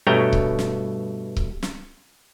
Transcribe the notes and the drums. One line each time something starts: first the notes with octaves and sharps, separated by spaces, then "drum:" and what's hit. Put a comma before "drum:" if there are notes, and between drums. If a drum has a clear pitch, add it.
G2 B2 A3 C#5 G5 A#5
drum: kick C#1
drum: snare
drum: kick C#1
drum: snare